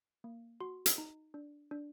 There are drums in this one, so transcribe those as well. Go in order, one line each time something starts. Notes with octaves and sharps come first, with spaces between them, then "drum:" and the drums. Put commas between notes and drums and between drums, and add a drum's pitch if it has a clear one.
A#3
F#4 C6
drum: hi-hat
D#4
D4
D4